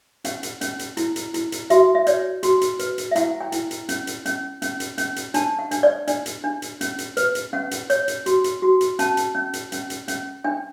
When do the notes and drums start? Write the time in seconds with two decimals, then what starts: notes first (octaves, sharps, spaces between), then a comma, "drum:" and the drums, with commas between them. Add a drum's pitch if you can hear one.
0.24 C#4 F#5, drum: hi-hat
0.43 drum: hi-hat
0.61 C#4, drum: hi-hat
0.79 drum: hi-hat
0.97 E4, drum: hi-hat
1.16 drum: hi-hat
1.34 E4, drum: hi-hat
1.52 drum: hi-hat
1.70 F#4 E5, drum: hi-hat
1.95 E5
2.06 C#5 D5, drum: hi-hat
2.43 F#4, drum: hi-hat
2.61 drum: hi-hat
2.79 B4, drum: hi-hat
2.98 drum: hi-hat
3.11 E5
3.16 E4 F#5, drum: hi-hat
3.41 G5
3.52 E4, drum: hi-hat
3.71 drum: hi-hat
3.89 C#4, drum: hi-hat
4.07 drum: hi-hat
4.26 C#4, drum: hi-hat
4.62 C#4, drum: hi-hat
4.80 drum: hi-hat
4.98 C#4, drum: hi-hat
5.16 drum: hi-hat
5.34 D4 A5, drum: hi-hat
5.59 F#5
5.71 D4, drum: hi-hat
5.83 D5
6.07 D4 D5, drum: hi-hat
6.26 drum: hi-hat
6.44 D4
6.62 drum: hi-hat
6.81 C#4, drum: hi-hat
6.98 drum: hi-hat
7.17 B4, drum: hi-hat
7.35 drum: hi-hat
7.53 C#4 F#5
7.71 drum: hi-hat
7.90 C#5, drum: hi-hat
8.08 drum: hi-hat
8.26 F#4, drum: hi-hat
8.44 drum: hi-hat
8.62 F#4
8.81 drum: hi-hat
8.99 C#4 A5, drum: hi-hat
9.17 drum: hi-hat
9.35 C#4
9.53 drum: hi-hat
9.72 C#4, drum: hi-hat
9.90 drum: hi-hat
10.08 C#4, drum: hi-hat
10.44 D4 G5